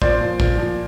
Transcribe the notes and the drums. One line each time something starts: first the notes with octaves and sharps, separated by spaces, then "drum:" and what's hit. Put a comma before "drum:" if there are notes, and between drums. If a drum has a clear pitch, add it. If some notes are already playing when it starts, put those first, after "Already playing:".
A#2 C5 D5, drum: kick
F3
A#2, drum: kick
F3